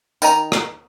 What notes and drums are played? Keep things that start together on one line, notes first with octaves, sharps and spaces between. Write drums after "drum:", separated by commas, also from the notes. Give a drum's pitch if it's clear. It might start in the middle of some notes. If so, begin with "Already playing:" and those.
D#3 D#5 A#5, drum: tambourine
drum: rim click